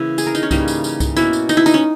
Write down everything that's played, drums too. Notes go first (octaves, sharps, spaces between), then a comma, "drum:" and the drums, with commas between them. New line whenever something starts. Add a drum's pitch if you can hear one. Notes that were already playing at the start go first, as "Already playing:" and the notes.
Already playing: C#3 E3 A#3 E4
G#4, drum: tambourine
A#4
D#4, drum: tambourine
C#4
C#3 E3 G3 A#3 D#4, drum: kick C2, tambourine
drum: tambourine
drum: tambourine
drum: kick C2, tambourine
B2 A#3 C#4 E4, drum: tambourine
drum: tambourine
D#4, drum: tambourine
E4
D#4, drum: tambourine
C#4